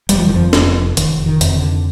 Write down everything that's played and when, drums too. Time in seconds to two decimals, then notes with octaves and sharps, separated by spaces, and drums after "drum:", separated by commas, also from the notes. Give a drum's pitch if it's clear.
0.09 F1 G3, drum: hi-hat
0.18 F3
0.27 D#3
0.35 F2 F3
0.53 F1, drum: snare
0.97 F1 D#3, drum: hi-hat
1.26 D#3
1.41 F2, drum: hi-hat
1.55 D3